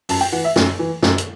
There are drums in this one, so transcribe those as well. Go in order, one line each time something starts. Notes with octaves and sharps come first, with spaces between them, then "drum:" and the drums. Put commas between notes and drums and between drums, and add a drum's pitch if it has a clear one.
F#2 A5, drum: open hi-hat
G5
E3 F#5
E5
F#2, drum: snare
E3
F#2, drum: snare
drum: hi-hat